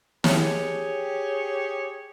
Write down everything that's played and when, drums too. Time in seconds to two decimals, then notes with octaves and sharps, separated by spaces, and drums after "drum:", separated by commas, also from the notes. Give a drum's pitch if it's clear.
0.24 G4 G#4 C#5, drum: snare